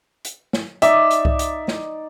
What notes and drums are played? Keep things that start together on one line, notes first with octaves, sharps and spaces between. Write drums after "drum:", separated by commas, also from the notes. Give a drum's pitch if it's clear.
drum: hi-hat
drum: snare
D#4 D5 E5, drum: hi-hat
drum: hi-hat
drum: kick C2
drum: hi-hat
drum: snare